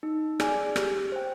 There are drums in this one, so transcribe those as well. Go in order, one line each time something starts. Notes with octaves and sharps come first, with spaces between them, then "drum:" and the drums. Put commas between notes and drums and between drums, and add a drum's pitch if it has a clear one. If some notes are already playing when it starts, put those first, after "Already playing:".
D#4
G#4 D5 G#5, drum: rim click
G4, drum: rim click
C5 G5